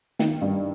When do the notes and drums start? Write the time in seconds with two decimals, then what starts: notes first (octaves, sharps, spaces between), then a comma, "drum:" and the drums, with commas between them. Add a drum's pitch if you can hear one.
0.19 D#3, drum: snare
0.41 G2